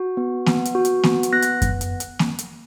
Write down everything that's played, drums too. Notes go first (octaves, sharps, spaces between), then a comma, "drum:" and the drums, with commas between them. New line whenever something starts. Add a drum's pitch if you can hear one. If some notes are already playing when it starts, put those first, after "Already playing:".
Already playing: F#4
B3
B3, drum: snare A#3
drum: hi-hat
F#4
drum: hi-hat
B3, drum: snare A#3
drum: hi-hat
B3 F#6 A#6
drum: hi-hat
drum: kick F#2, hi-hat
drum: hi-hat
drum: hi-hat
drum: snare A#3
drum: hi-hat